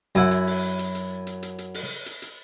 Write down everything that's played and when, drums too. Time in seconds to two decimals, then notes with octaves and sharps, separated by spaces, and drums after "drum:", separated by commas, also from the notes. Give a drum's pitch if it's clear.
0.15 F#2 E4 F#5, drum: hi-hat
0.31 drum: hi-hat
0.47 drum: open hi-hat
0.79 drum: hi-hat
0.95 drum: hi-hat
1.27 drum: hi-hat
1.43 drum: hi-hat
1.58 drum: hi-hat
1.74 drum: open hi-hat
2.06 drum: hi-hat
2.22 drum: hi-hat